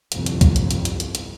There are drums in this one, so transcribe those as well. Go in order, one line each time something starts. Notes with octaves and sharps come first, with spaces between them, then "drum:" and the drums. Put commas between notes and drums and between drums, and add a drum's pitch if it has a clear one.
G1 C2 F2, drum: hi-hat
drum: hi-hat
drum: kick, hi-hat
drum: hi-hat
drum: hi-hat
drum: hi-hat
drum: hi-hat
drum: hi-hat